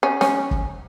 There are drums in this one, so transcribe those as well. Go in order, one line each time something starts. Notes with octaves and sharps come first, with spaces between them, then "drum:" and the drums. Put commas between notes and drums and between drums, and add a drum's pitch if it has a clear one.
C#4
C#4, drum: snare
drum: kick